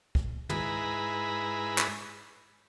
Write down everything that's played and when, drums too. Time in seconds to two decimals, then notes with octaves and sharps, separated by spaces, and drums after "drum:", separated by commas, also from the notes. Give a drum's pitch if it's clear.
0.15 drum: kick
0.49 G#2 E4 G#4 B4 A#5 B5, drum: tom
1.78 drum: clap